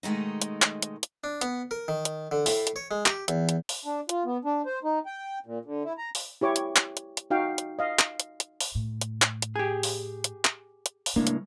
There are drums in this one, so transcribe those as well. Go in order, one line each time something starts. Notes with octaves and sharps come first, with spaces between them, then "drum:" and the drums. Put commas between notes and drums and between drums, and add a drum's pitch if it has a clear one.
B2 D#3 G#3 A3 D#4
drum: hi-hat
drum: clap
drum: hi-hat
drum: hi-hat
D4
B3, drum: hi-hat
A#4
D#3
drum: hi-hat
D3
A2, drum: open hi-hat
drum: hi-hat
C#5
G#3
G4, drum: clap
E2, drum: hi-hat
drum: hi-hat
drum: open hi-hat
D4
F4, drum: hi-hat
B3
D4
C5
D#4
G5
A#2
D3
E4
A#5
drum: open hi-hat
E4 G4 C#5 D6
drum: hi-hat
drum: clap
drum: hi-hat
drum: hi-hat
D#4 F#4 F5 G5
drum: hi-hat
D#5 F5
drum: clap
drum: hi-hat
drum: hi-hat
drum: open hi-hat
A2
drum: hi-hat
drum: clap
drum: hi-hat
G4 G#4
drum: open hi-hat
drum: hi-hat
drum: clap
drum: hi-hat
drum: open hi-hat
C#2 A2 G3 A#3 D4
drum: hi-hat